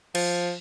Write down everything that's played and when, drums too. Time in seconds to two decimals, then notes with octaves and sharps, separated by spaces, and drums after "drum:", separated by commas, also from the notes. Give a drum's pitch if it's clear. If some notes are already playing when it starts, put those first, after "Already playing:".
0.15 F3, drum: cymbal